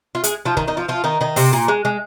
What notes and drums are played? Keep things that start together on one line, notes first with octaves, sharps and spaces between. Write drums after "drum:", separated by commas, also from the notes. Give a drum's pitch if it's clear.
F4
G#3 G#4, drum: hi-hat
F3 F4
D#3 D#4, drum: kick
D#3 D#4
F3 F4
F3 F4
D#3 D#4
D#3 D#4
C3 C4, drum: open hi-hat
A#2 A#3
G#3
G#3